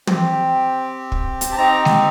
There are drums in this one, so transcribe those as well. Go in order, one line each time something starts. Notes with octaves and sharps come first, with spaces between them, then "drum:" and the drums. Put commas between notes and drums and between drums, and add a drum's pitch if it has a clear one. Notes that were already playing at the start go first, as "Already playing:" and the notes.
C4 G4, drum: tom
drum: kick
drum: hi-hat
A5
C4 D#4 G4 A#5
drum: snare G#3